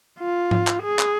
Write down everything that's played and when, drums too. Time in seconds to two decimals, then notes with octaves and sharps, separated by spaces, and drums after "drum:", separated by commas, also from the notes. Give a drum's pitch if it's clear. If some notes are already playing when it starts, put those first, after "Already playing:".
0.19 F4
0.51 drum: tom G#2
0.67 drum: clap
0.84 G#4
0.99 drum: clap